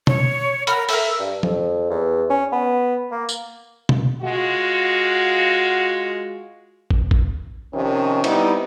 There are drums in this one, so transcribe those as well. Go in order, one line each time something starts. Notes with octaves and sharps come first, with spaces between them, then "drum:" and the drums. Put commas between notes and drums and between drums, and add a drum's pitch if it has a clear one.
C#5, drum: tom B2
A#4 F#5 B5 F6, drum: hi-hat
A4 A#4 E5, drum: open hi-hat
G2
F2, drum: tom F3
E2
C#4
B3
A#3
drum: tambourine
drum: tom B2
G#3 F4 F#4
drum: kick
drum: kick
C3 D#3 F3 C#4
G3 B3 C4 D#4 E4, drum: cymbal